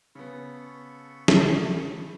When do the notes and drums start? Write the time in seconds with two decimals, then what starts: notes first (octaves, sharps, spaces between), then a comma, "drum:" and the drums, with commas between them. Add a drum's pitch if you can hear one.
0.15 C#3 B3 A4 B5 C#6
1.28 drum: snare